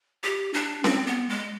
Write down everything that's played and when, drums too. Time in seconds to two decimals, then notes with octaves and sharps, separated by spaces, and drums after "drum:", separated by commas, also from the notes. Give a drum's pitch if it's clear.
0.24 G4
0.54 D4
0.84 C4, drum: snare C#4
1.07 B3
1.29 G#3